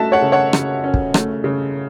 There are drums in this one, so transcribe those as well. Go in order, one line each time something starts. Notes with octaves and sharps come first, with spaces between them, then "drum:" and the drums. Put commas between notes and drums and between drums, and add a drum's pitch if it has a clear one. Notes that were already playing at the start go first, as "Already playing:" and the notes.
Already playing: A3 C#4 F#4 A4 E5 A5
C#5 F#5
C#3
C#5 F#5
C#3, drum: rim click
C#4
drum: kick
A3, drum: rim click
C#3